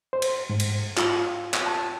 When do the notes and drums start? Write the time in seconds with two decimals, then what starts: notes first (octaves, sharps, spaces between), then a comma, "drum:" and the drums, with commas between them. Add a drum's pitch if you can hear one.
0.13 C5
0.22 drum: cymbal
0.50 G#2
0.60 drum: cymbal
0.97 F4, drum: clap
1.54 drum: clap
1.66 A5